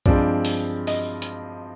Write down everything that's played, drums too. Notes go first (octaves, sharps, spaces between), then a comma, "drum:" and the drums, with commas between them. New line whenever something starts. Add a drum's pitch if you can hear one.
G2 F3 G#3 C4 D5, drum: kick B1
drum: open hi-hat
D#5, drum: open hi-hat
drum: hi-hat